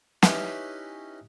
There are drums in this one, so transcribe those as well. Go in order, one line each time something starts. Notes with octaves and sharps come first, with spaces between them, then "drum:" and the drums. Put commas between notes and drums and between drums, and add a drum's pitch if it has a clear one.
C#4 D#4 E4 G4 B4 G#5, drum: snare